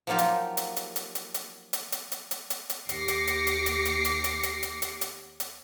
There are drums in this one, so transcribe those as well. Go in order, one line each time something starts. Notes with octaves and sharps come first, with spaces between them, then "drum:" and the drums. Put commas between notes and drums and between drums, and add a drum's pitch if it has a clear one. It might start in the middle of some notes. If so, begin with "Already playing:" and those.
F3 F#3 A#3 D#4 F4 G4
drum: hi-hat
drum: hi-hat
drum: hi-hat
drum: hi-hat
drum: hi-hat
drum: hi-hat
drum: hi-hat
drum: hi-hat
drum: hi-hat
drum: hi-hat
drum: hi-hat
drum: hi-hat
D#2 G4 D6 A#6 C7 C#7, drum: hi-hat
drum: hi-hat
drum: hi-hat
drum: hi-hat
drum: hi-hat
drum: hi-hat
drum: hi-hat
drum: hi-hat
drum: hi-hat
drum: hi-hat
drum: hi-hat
drum: hi-hat
drum: hi-hat